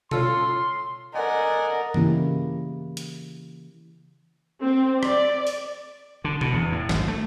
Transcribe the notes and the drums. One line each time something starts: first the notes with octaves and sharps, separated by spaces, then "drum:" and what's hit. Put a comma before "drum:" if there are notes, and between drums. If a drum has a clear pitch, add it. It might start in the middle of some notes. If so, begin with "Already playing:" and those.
C#4 F4 A4 C6, drum: tom B2
A4 A#4 D5 D#5 F#5 G#5
C#3 E3 A#3 C#4 E4 G4, drum: tom G2
drum: hi-hat
C4
D5, drum: rim click
drum: open hi-hat
D3
B2, drum: tom B2
E2
A2
G#1, drum: snare
A3